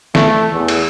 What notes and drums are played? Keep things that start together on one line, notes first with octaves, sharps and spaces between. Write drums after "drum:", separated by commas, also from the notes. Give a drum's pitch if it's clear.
A3, drum: snare
E2
drum: cymbal